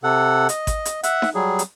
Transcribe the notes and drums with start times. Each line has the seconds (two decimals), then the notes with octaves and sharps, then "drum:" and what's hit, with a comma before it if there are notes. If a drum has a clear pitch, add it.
0.04 C3 A4 F#5
0.49 D#5, drum: hi-hat
0.67 drum: kick G#1, hi-hat
0.85 drum: hi-hat
1.03 E5 F#5, drum: hi-hat
1.22 drum: snare D#4
1.35 F#3 G3 G#4
1.59 drum: hi-hat